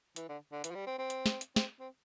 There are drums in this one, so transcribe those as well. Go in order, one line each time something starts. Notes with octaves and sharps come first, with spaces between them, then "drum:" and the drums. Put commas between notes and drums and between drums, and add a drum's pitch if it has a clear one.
E3, drum: hi-hat
D3
D3
E3, drum: hi-hat
F3
G3
C4
C4
drum: hi-hat
drum: snare
drum: hi-hat
C4, drum: snare
C4